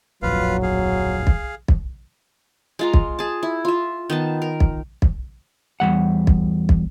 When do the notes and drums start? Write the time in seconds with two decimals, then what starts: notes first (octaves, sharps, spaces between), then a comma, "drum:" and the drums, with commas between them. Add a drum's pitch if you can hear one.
0.22 D1 A#1 F2 F#3 F4 B4 F5
0.63 G#4 F5
1.27 drum: kick
1.68 drum: kick
2.79 G#3 F4 A#5
2.94 drum: kick
3.19 G#4 A5
3.43 E4
3.65 F4 E5
4.10 D#3 B3 A5
4.42 A#4
4.60 drum: kick
5.02 drum: kick
5.80 E2 D#3 G3 F#5
6.27 drum: kick
6.69 drum: kick